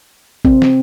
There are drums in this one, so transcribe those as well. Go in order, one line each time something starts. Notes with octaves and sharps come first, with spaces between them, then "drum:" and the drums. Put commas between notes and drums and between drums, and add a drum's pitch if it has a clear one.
C4, drum: kick A1
drum: snare